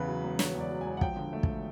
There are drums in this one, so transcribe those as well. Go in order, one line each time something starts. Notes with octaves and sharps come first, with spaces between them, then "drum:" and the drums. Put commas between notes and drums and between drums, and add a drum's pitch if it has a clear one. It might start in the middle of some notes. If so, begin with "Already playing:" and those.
Already playing: E2 C#3 B4
F#3
E1
C#3 C#5, drum: snare
E2
D5
F#3
G#5
E1
F#5
F3 G5, drum: kick
D3
A3
drum: kick